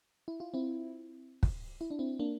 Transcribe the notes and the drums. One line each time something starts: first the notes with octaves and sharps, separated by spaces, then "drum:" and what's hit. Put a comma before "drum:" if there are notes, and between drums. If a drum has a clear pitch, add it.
E4
F4
C4 E4
drum: kick
E4
D4
C4 E4
A#3 D4